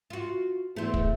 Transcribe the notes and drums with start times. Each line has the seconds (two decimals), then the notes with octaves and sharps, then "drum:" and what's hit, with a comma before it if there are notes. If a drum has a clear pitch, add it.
0.10 F4 F#4
0.76 E2 A3 C4
0.94 drum: kick